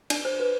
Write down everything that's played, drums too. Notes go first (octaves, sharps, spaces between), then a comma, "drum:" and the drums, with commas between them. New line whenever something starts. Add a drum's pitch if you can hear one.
D4 D5, drum: cymbal
C5
B4